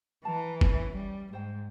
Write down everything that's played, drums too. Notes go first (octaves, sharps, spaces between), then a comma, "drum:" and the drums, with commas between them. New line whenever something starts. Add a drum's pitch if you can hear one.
E3 A5 A#5
C#4, drum: kick F#1
G3
G#2 C5 G5